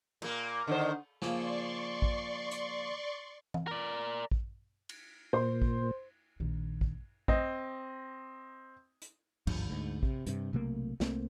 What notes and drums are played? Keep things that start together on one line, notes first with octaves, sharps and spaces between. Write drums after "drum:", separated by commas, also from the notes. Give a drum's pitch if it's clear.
A#2 A#3, drum: cymbal
D3 D#3 C5
C#3 F3 A#3 D5 C6 C#6, drum: snare
drum: kick A1
drum: hi-hat
drum: tom
A#4 D5
drum: kick A1
drum: cymbal
A#2 C5 C6
drum: kick A1
A#1 D#3
drum: kick A1
C4 D#5, drum: kick A1
drum: hi-hat
G#1 D2 G2 F3, drum: cymbal
D2 G#2
C3, drum: kick A1
G2 C3, drum: hi-hat
B1 C3 A3 A#3
C2 A3 A#3 C4, drum: snare